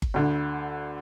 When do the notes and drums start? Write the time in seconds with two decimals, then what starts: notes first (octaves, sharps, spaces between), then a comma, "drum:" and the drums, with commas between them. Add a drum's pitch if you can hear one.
0.02 drum: kick G1
0.14 D2 D3